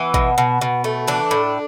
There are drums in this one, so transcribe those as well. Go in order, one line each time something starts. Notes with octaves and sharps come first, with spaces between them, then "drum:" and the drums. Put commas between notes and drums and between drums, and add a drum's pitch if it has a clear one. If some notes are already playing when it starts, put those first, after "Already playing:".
Already playing: E3 B3
B2, drum: kick G#1
B2
B2
A3
E3 D4
A2